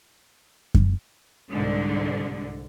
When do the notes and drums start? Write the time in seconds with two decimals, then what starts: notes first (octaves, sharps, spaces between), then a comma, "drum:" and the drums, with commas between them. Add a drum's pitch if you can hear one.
0.75 drum: kick F#2
1.50 C2 G#2 D3